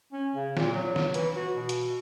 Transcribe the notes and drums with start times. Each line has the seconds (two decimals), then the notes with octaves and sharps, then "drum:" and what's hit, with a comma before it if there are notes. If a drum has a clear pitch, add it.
0.13 C#4
0.36 C#3
0.57 A#2, drum: snare
0.73 F#3
0.96 drum: snare
1.14 E3, drum: hi-hat
1.36 F#4
1.55 B2
1.69 drum: hi-hat